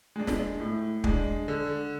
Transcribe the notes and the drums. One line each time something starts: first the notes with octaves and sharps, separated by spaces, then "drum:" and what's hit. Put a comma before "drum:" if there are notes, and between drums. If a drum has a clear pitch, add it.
G#3 D4
drum: snare
A2
G#3 D4, drum: kick
D3